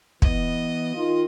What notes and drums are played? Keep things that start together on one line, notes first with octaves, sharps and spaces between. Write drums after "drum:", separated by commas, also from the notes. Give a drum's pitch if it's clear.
E3 B3 D#5, drum: kick
D#3 F4